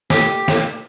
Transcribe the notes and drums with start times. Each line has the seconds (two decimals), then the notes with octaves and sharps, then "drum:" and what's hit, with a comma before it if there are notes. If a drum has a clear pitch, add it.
0.10 G4, drum: snare
0.48 drum: snare